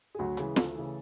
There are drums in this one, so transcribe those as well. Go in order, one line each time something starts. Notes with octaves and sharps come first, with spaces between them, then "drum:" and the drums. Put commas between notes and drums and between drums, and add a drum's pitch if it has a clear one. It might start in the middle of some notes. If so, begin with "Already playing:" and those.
G#4
D2 F#3 F#4
C#3 E3 G#3 G#4, drum: hi-hat
D2 A3 A4, drum: snare
C#3 E3